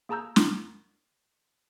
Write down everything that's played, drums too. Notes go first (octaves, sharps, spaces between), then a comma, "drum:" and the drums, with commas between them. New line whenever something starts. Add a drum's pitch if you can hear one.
A#3 G#4 A5 A#5 E6 G6
drum: snare